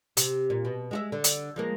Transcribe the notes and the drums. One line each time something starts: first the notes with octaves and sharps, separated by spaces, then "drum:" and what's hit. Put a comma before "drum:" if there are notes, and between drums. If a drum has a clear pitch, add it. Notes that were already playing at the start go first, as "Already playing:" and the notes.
C3, drum: hi-hat
A#2
B2
G#3 F#4 E5
D3
drum: hi-hat
F3 G#3 A#3